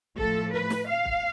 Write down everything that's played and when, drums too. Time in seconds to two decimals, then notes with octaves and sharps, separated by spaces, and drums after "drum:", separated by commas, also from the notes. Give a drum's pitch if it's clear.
0.18 A2 F3 A3 A4, drum: kick
0.52 B4
0.70 drum: snare
0.89 F5
1.05 drum: kick